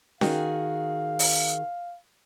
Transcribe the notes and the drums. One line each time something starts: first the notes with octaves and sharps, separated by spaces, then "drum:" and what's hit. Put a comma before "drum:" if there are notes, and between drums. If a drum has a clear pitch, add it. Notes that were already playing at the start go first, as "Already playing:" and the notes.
D#3 F#4 G#4 F5, drum: snare C#4
drum: open hi-hat